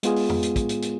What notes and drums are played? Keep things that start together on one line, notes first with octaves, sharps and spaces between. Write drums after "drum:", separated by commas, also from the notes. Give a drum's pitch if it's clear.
G#3 B3 F4 G#4, drum: hi-hat
drum: open hi-hat
drum: tom F2
drum: hi-hat
drum: kick, hi-hat
drum: hi-hat
drum: hi-hat